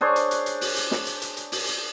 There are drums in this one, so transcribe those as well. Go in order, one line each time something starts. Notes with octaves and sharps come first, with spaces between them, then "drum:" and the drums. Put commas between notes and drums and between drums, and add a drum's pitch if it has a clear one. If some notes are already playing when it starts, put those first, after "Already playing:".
D4 G#4 C5 C#5
drum: hi-hat
drum: hi-hat
drum: hi-hat
drum: open hi-hat
drum: hi-hat
drum: snare
drum: hi-hat
drum: hi-hat
drum: hi-hat
drum: open hi-hat
drum: hi-hat